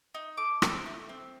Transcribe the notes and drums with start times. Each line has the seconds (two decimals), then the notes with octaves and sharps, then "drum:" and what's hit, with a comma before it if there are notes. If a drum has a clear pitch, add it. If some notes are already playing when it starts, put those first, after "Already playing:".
0.14 D#4
0.37 A4 D6
0.62 C4, drum: rim click
0.86 A3
1.09 C4